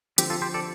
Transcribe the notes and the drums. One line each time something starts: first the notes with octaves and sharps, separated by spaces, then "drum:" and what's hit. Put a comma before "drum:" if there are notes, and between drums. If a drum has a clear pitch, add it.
D3 F3 C4 G4, drum: hi-hat
F4 A4
G4 C5
A4 D5